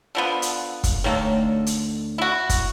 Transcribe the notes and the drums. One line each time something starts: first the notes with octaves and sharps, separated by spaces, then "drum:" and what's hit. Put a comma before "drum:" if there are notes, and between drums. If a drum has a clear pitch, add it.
D3 F3 B3
drum: hi-hat
drum: kick, hi-hat
D2 D#3 A#3 A4 C#5
drum: hi-hat
E4 F#4
drum: kick, hi-hat